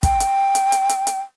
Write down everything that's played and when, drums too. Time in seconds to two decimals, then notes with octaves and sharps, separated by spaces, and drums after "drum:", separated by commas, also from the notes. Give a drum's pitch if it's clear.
0.03 G5, drum: kick, hi-hat
0.20 drum: hi-hat
0.55 drum: hi-hat
0.72 drum: hi-hat
0.89 drum: hi-hat
1.07 drum: hi-hat